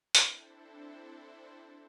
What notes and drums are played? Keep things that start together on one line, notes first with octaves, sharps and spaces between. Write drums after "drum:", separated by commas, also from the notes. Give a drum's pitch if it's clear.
C4 D4 E4 A4 C5, drum: hi-hat